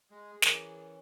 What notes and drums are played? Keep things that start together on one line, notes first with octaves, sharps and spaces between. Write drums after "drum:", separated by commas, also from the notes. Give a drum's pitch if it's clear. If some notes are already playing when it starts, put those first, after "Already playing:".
G#3 G#4
E3 C#4 A#4 A#5 D6, drum: snare